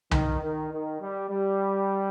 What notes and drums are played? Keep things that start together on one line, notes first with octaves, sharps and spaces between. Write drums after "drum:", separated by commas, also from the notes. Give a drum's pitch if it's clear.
D#3, drum: tom C2
D#3
D#3
G3
G3